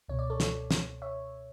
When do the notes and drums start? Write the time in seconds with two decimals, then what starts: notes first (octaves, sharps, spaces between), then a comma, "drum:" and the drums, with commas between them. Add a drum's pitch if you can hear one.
0.08 C#2 B2 C#5
0.19 D5
0.30 A4 C#5
0.40 drum: snare
0.71 drum: snare
1.02 C#5 E5